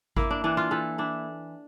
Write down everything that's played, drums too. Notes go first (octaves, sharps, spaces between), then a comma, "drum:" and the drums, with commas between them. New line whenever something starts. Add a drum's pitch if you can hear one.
A#3 E4, drum: kick G#1
D4
E3 D4
F4
E3 A4
D4 E4